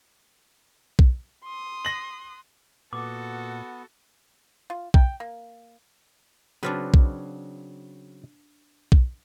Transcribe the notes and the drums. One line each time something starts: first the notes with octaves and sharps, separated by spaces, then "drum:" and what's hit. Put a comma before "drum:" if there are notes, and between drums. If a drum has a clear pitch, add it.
drum: kick B1
C6 D#6
A#6 F#7
A#2 B3 F#4 A4 D6
F4
G5, drum: kick B1
A#3
C#3 F#3 C4 D4 F4 B4
drum: kick B1
drum: kick B1